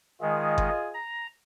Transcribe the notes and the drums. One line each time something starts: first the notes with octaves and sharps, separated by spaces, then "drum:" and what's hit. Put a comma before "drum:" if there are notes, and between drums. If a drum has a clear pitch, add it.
D#3 G#3 F4 G#4 D#5
drum: kick G1
A#5